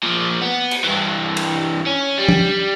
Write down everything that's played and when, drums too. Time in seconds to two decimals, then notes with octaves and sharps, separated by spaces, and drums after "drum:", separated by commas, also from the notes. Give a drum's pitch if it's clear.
0.03 A#2 F3
0.41 B3
0.71 drum: cymbal
0.84 G2 E3
1.37 drum: cymbal
1.87 C#4
2.19 G3
2.29 drum: tom